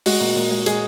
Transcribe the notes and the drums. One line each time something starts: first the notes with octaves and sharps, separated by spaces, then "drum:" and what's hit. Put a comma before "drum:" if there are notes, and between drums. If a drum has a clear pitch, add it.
G#3 F#4, drum: open hi-hat
A#2
A#2
G#3
G#3 G#4, drum: hi-hat